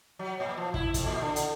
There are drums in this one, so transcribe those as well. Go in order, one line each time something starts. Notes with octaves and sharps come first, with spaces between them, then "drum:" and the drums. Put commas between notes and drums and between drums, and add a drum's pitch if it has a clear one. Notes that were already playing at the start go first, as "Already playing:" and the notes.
F#3
A#2
F3
E4, drum: kick
F2, drum: kick, hi-hat
A#2
D3
drum: hi-hat